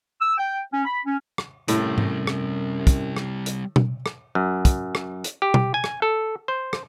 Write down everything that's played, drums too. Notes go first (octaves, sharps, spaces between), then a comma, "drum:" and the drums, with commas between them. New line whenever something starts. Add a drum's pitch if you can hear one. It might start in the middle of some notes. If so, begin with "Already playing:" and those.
E6
G5
C#4
B5
C#4
drum: rim click
F#2 A2 C3 G3, drum: hi-hat
drum: tom G#2
drum: rim click
drum: kick, hi-hat
drum: rim click
drum: hi-hat
drum: tom B2
drum: rim click
F#2
drum: kick, hi-hat
drum: rim click
drum: hi-hat
G4
drum: tom B2
G#5
drum: rim click
A4
C5
drum: rim click